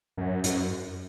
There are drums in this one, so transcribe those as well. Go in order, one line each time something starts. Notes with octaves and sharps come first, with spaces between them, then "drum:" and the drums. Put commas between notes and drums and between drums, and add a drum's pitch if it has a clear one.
F#2
F#2, drum: hi-hat